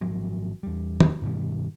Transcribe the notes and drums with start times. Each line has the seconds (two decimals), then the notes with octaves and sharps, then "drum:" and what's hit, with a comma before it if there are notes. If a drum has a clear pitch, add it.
0.01 G#1 G#2 F3 F#3
0.63 E2 G3
1.00 drum: tom
1.22 G2 B2 D#3 G3